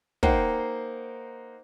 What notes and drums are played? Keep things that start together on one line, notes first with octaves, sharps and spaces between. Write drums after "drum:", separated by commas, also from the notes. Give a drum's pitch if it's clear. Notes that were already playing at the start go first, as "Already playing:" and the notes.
A#3 D#4 C5 F#5 G5, drum: kick